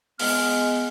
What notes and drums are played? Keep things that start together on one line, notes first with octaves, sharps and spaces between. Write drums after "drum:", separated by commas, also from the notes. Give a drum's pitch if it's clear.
G#3 B3 F6, drum: open hi-hat